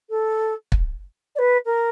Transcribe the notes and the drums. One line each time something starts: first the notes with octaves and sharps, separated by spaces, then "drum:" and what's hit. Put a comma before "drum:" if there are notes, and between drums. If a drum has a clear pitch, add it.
A4
drum: kick
D5
B4
A#4